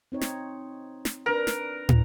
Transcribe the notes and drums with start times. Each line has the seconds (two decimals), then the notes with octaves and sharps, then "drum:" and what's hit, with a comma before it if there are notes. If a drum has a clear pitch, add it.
0.12 C4 D#4 C#5
0.21 drum: snare
1.05 drum: snare
1.26 D4 A#4 B4
1.47 drum: snare
1.89 drum: tom